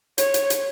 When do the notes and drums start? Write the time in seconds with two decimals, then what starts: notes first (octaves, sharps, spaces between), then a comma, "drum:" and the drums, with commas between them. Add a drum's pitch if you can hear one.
0.18 C#5, drum: hi-hat
0.34 drum: hi-hat
0.50 drum: hi-hat